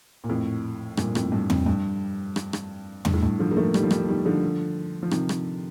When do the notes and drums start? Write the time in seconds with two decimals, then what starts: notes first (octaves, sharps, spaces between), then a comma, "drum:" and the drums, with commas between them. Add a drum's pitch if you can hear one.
0.24 A#2
0.29 F2 A2
0.97 G2 A#2, drum: rim click
1.15 F2 A2, drum: rim click
1.32 G2
1.50 F2, drum: tom E2
1.66 G2
2.36 drum: rim click
2.53 drum: rim click
3.05 G2, drum: tom E2
3.14 A2
3.23 G2
3.39 D3 F3
3.51 A#3
3.57 F3 A3
3.74 D#3 G3, drum: rim click
3.84 F3
3.91 D#3 G3, drum: rim click
4.08 D#3 G3
4.25 D3 F3
5.03 F3
5.11 C3 D#3, drum: rim click
5.29 drum: rim click